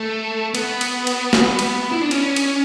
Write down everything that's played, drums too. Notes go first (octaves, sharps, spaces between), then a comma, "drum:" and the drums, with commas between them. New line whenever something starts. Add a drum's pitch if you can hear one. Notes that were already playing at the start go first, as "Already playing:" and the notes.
Already playing: A3
B3, drum: cymbal
drum: cymbal
drum: cymbal
drum: snare
drum: cymbal
E4
D4
C#4, drum: cymbal
drum: cymbal